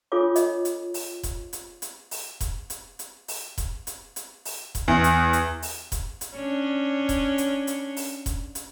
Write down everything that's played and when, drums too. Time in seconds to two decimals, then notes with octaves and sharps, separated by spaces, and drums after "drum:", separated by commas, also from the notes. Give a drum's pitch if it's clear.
0.12 D4 F4 G#4 A4 C#5 D6
0.36 D#5, drum: hi-hat
0.65 drum: hi-hat
0.94 drum: open hi-hat
1.23 drum: kick D#1, hi-hat
1.53 drum: hi-hat
1.82 drum: hi-hat
2.11 drum: open hi-hat
2.40 drum: kick D#1, hi-hat
2.70 drum: hi-hat
2.99 drum: hi-hat
3.28 drum: open hi-hat
3.58 drum: kick D#1, hi-hat
3.87 drum: hi-hat
4.16 drum: hi-hat
4.45 drum: open hi-hat
4.75 drum: kick D#1, hi-hat
4.88 E2
5.04 drum: hi-hat
5.33 drum: hi-hat
5.62 drum: open hi-hat
5.92 drum: kick D#1, hi-hat
6.21 drum: hi-hat
6.35 C#4 D4
7.09 drum: kick D#1, hi-hat
7.38 drum: hi-hat
7.67 drum: hi-hat
7.97 drum: open hi-hat
8.26 drum: kick D#1, hi-hat
8.55 drum: hi-hat